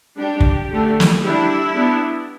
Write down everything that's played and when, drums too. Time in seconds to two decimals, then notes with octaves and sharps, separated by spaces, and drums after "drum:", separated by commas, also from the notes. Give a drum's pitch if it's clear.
0.18 G3 D4 G4
0.40 drum: kick
0.72 D3 A3 D4
1.00 drum: snare
1.23 G3 D4 E4
1.76 G3 B3 D4